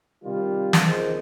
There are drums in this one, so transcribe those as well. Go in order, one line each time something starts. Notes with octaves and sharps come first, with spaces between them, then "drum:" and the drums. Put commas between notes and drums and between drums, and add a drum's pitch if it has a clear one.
C3 D#3 G3 F4
drum: snare
C#2 D#3 G#3 C4 C5